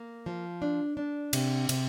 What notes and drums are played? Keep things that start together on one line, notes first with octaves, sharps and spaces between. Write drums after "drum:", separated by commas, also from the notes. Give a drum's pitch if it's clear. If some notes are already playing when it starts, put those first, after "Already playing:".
Already playing: A#3
F3
D4
D4
C3, drum: cymbal
C3, drum: cymbal